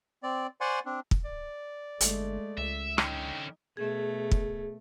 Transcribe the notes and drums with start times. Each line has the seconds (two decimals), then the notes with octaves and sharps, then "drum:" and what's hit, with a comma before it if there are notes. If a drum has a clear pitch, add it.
0.23 C4 D5
0.61 C5 D5 F#5 G#5 C6 C#6
0.86 C4 D4
1.11 drum: kick
1.25 D5
2.01 G1 G#3 A3, drum: hi-hat
2.58 C#2 E5
2.98 D3 C#4 D#4 G5, drum: rim click
3.77 B2 A3 G#4
4.31 drum: kick